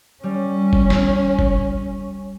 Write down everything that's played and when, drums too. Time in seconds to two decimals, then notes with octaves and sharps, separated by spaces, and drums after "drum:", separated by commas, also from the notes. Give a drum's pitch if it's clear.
0.23 G3 C#4
0.73 drum: kick
0.90 drum: snare
1.39 drum: kick